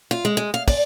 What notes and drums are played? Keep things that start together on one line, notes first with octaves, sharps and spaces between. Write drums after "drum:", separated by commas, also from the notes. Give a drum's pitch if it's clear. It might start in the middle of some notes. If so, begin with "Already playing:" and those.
F4
G#3
G#3
F5
D5, drum: kick, open hi-hat